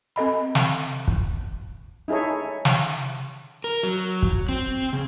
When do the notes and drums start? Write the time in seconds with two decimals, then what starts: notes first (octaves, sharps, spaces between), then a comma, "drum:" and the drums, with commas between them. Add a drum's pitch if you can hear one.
0.16 C4 A4 D#5 B5
0.55 drum: snare
1.08 drum: kick
2.08 D#4 E4 G#4 A4 C#5
2.65 drum: snare
3.64 A#4
3.83 F#3
4.22 drum: kick
4.49 C4
4.93 C#3